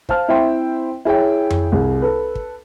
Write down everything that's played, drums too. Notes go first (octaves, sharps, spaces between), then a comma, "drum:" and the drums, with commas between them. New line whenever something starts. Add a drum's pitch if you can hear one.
C5 F5 A5 F6, drum: kick
C4 E4 C5 E5 G5 C6
E4 G#4 C#5 G5
drum: tom F2
C2 G#4
A4 B4
drum: kick